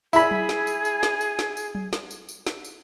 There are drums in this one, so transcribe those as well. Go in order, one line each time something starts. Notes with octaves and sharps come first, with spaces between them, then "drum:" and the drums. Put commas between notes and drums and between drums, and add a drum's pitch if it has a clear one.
E4 G#4 B5, drum: tambourine
drum: tom F#3
drum: snare
drum: tambourine
drum: tambourine
drum: snare
drum: tambourine
drum: snare
drum: tambourine
drum: tom F#3
drum: snare
drum: tambourine
drum: tambourine
drum: snare
drum: tambourine